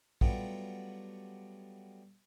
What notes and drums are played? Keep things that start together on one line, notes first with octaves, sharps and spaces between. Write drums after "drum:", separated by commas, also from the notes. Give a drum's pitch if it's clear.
F#3 G3 A3 B3 F4 G4, drum: kick